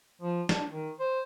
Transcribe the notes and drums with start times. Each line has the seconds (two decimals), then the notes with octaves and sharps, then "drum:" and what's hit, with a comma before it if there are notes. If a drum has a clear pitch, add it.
0.21 F3
0.49 D4, drum: snare
0.70 D#3
0.99 C5